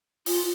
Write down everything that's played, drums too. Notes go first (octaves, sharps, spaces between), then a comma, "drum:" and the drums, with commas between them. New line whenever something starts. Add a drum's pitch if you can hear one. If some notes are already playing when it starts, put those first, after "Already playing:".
F4, drum: open hi-hat